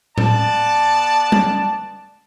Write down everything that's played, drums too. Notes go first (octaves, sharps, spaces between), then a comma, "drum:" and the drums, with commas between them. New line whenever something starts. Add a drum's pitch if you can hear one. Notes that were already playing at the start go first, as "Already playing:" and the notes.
B3 D5 A5, drum: tom A2
drum: tom G3